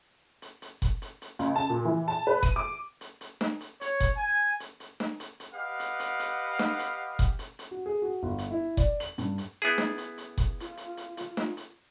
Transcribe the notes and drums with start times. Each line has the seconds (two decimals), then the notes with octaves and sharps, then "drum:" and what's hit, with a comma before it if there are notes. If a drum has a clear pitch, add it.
0.42 drum: hi-hat
0.62 drum: hi-hat
0.82 drum: kick F#1, hi-hat
1.02 drum: hi-hat
1.22 drum: hi-hat
1.39 C#2, drum: hi-hat
1.56 A5
1.70 A#2
1.85 E3
2.08 A5
2.27 B4
2.43 D#7, drum: kick F#1, hi-hat
2.56 D6
3.01 drum: hi-hat
3.21 drum: hi-hat
3.41 drum: snare
3.61 drum: hi-hat
3.81 C#5, drum: hi-hat
4.00 drum: kick F#1, hi-hat
4.17 G#5
4.60 drum: hi-hat
4.80 drum: hi-hat
5.00 drum: snare
5.20 drum: hi-hat
5.40 drum: hi-hat
5.54 G4 B4 D#5 F5 F#5
5.80 drum: hi-hat
6.00 drum: hi-hat
6.19 drum: hi-hat
6.59 drum: snare
6.79 drum: hi-hat
7.19 drum: kick F#1, hi-hat
7.39 drum: hi-hat
7.59 drum: hi-hat
7.71 F#4
7.86 G#4
8.02 F#4
8.23 G1
8.38 drum: hi-hat
8.51 E4
8.77 D5, drum: kick F#1, hi-hat
9.00 F#7, drum: hi-hat
9.18 G2, drum: hi-hat
9.38 drum: hi-hat
9.62 B3 E4 G#4
9.78 drum: snare
9.98 drum: hi-hat
10.18 drum: hi-hat
10.38 drum: kick F#1, hi-hat
10.60 F4, drum: hi-hat
10.77 drum: hi-hat
10.97 drum: hi-hat
11.17 drum: hi-hat
11.37 drum: snare
11.57 drum: hi-hat